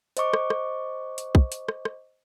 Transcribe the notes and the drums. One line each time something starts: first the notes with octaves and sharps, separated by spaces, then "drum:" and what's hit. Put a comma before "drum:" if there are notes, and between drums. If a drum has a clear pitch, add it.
C5 D#5 C#6 D6, drum: hi-hat
drum: rim click
drum: rim click
drum: hi-hat
drum: kick
drum: hi-hat
drum: rim click
drum: rim click